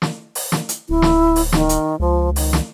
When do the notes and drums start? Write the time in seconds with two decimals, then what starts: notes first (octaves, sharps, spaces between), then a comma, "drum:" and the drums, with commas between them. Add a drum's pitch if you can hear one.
0.02 drum: snare
0.35 drum: open hi-hat
0.52 drum: snare
0.69 drum: hi-hat
0.89 D1 E4
1.02 drum: snare
1.36 drum: open hi-hat
1.52 D#3, drum: snare
1.69 drum: hi-hat
2.00 C#2 F3
2.36 D#3, drum: open hi-hat
2.53 drum: snare